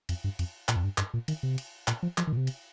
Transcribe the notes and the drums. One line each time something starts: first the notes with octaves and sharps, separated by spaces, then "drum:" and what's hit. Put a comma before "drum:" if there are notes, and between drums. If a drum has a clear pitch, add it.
F2, drum: cymbal
G2
F2, drum: cymbal
A#2, drum: clap
F2
G2
G2, drum: clap
A#2
D#3, drum: cymbal
C3
drum: cymbal
A#2, drum: clap
F3
F3, drum: clap
D#3
A#2
C3
drum: cymbal